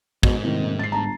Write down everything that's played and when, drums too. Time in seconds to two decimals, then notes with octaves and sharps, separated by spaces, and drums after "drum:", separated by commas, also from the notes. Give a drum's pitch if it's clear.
0.23 G#2 B2, drum: kick
0.43 A2 C3 D#3
0.59 D#1
0.79 A6 C7
0.92 G1 A5 A#5